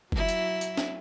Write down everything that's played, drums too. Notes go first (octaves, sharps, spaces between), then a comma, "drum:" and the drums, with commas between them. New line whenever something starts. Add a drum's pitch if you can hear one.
F#3 E4, drum: kick
drum: hi-hat
drum: hi-hat
drum: snare